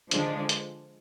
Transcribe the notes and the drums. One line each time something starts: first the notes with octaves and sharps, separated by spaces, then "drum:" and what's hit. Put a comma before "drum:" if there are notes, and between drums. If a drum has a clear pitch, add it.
D3 F3 G#3 D4, drum: hi-hat
drum: hi-hat